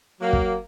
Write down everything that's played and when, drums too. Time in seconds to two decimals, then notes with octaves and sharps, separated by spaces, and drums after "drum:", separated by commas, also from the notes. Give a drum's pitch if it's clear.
0.21 F#3 A#3
0.33 drum: kick